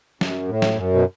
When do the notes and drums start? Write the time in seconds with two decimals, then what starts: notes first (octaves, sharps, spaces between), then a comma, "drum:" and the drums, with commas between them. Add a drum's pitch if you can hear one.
0.21 F#2, drum: snare
0.49 A2
0.62 drum: snare
0.76 F#2
0.94 B2